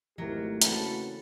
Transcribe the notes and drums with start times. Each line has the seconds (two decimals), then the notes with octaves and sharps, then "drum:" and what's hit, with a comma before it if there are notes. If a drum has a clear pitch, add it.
0.18 G#1 E3 F#3 A3 E4 G4 A#4
0.62 C#3 E3 A#3 C4 F#4 A4 B4, drum: hi-hat